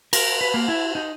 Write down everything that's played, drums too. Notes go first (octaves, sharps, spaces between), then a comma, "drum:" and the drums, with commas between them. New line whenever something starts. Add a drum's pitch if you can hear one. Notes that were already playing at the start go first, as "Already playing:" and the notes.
A#4, drum: cymbal
B4
A#3
E4
D#4